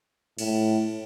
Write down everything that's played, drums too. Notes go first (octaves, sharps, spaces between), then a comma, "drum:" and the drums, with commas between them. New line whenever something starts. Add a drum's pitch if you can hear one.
A2, drum: cymbal